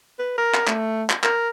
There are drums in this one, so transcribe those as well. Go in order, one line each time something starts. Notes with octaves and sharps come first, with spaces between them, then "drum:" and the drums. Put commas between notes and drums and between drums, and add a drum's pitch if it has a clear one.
B4
A#4
drum: clap
A3, drum: clap
drum: clap
A#4, drum: clap